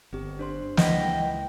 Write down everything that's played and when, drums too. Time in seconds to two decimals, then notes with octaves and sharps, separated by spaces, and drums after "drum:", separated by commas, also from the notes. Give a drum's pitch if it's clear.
0.13 G1 C4 G4
0.39 D4 C5 C6
0.77 C#2 E3 D#5 F#5 G5 B5, drum: snare